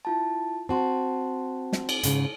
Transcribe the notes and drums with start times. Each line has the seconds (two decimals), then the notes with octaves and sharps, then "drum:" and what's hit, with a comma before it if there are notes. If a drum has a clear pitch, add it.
0.05 E4 F4 A5
0.69 C4 F#4 A5 C6
1.73 drum: snare
1.89 drum: cymbal
2.03 G#2 C#3, drum: hi-hat